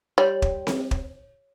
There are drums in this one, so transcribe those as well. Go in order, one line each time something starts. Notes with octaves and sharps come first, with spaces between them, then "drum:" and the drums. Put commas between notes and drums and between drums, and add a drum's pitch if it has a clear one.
G3 C#5 C6
drum: kick
drum: snare C4
drum: kick